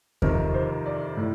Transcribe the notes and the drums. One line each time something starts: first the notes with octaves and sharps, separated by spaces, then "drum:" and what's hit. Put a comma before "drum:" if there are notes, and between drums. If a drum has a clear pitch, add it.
F2 C3 D#3 A#4, drum: kick E2
C5
D5
A2